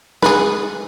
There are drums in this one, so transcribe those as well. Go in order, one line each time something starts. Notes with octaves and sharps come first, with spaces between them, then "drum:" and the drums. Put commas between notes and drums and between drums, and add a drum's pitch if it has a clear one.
G#4 B4, drum: snare